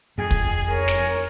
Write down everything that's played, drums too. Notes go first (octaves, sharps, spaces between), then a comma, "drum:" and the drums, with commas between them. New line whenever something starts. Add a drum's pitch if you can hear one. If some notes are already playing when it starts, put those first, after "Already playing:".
F2 G#4
drum: kick
A#4 C#5 G#5
drum: snare